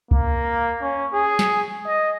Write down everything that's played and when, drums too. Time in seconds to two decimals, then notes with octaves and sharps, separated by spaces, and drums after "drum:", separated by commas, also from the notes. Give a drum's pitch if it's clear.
0.11 A#3, drum: kick C2
0.82 C#4
1.13 G#4
1.39 drum: snare
1.87 D#5